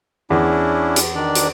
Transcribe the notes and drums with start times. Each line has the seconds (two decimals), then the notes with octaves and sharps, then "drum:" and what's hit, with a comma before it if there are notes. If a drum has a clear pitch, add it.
0.30 E2 C#4 D4 E4
0.96 drum: hi-hat
1.16 D#3 D4 D5
1.35 drum: hi-hat